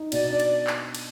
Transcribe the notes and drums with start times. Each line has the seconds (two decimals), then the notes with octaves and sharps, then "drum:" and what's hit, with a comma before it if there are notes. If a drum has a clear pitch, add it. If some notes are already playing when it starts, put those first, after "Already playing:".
Already playing: D#4
0.12 B2 D5, drum: cymbal
0.30 D4 D5
0.40 drum: cymbal
0.67 drum: clap
0.95 drum: cymbal